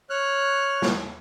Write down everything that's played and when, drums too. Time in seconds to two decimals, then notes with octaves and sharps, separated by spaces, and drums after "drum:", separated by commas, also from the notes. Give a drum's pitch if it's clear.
0.10 C#5 F6 F#6
0.82 drum: snare